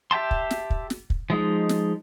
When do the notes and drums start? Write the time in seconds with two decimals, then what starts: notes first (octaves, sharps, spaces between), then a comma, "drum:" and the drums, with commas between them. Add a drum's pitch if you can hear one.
0.11 G4 E5 G5 A5 C6
0.31 drum: kick
0.51 drum: snare
0.70 drum: kick
0.90 drum: snare
1.10 drum: kick
1.30 F3 G#3 D#4
1.69 drum: snare